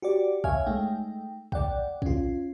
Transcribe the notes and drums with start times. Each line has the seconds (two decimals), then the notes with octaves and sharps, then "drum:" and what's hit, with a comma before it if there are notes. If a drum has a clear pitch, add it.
0.02 F#4 G4 D5
0.44 C#5 E5 F5 G#5 F6, drum: kick
0.66 G#3 A3 D#4 G5
1.52 D5 F#5 G5, drum: kick
2.02 C#4 F4, drum: kick